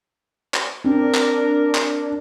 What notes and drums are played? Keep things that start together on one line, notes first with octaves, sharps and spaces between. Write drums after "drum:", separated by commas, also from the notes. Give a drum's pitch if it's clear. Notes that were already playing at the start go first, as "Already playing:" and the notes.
drum: clap
C4 D4 A#4
drum: clap
drum: clap